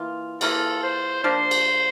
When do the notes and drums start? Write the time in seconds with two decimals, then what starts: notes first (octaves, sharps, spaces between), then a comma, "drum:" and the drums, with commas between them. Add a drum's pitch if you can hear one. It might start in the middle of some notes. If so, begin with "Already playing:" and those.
Already playing: E3 A#3 F4
0.41 E3 A#3 F4 A4, drum: cymbal
0.83 C5
1.24 F3 A#3 D4 C5
1.51 drum: cymbal